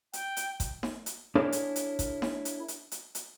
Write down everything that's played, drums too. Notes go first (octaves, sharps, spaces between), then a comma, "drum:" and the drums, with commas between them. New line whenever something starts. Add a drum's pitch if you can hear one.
G5, drum: hi-hat
drum: hi-hat
drum: kick G1, hi-hat
drum: snare D#4
drum: hi-hat
D4 E4 G#4 A#4 C#5
drum: hi-hat
drum: hi-hat
drum: kick G1, hi-hat
drum: snare D#4
drum: hi-hat
drum: hi-hat
drum: hi-hat
drum: hi-hat